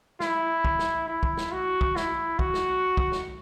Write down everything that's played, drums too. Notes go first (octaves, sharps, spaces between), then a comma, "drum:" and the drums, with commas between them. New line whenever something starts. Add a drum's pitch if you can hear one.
E4, drum: snare
drum: kick
drum: snare
E4
drum: kick
drum: snare
F#4
drum: kick
E4, drum: snare
F#4, drum: kick
drum: snare
drum: kick
drum: snare